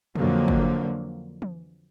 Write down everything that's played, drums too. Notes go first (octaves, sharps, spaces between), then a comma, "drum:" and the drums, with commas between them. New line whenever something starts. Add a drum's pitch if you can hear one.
F2 D3 F#3 A#3, drum: tom A#2
drum: kick
drum: tom E3